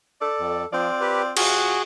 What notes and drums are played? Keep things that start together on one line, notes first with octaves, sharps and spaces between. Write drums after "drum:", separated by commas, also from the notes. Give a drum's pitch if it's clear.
A4 D5
F2
F3 C4 F4 D5
G4 B4
C3 F4 F#4 G#4 F#6, drum: cymbal